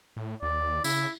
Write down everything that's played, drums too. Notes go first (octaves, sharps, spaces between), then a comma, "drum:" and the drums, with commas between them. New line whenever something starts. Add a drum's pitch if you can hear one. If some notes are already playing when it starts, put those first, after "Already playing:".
A2
D#2 D5
C#3 E4, drum: tambourine